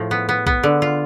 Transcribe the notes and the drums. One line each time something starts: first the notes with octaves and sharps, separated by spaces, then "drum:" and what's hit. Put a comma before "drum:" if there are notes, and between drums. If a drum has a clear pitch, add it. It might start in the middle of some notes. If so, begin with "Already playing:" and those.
Already playing: A2 F3
B3
B3
B3, drum: kick A#1
D3
F4